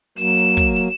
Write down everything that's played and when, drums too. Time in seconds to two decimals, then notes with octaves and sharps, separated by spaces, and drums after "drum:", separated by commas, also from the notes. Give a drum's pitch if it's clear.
0.18 F#3 A#3 E7, drum: hi-hat
0.37 drum: hi-hat
0.57 drum: kick, hi-hat
0.76 drum: open hi-hat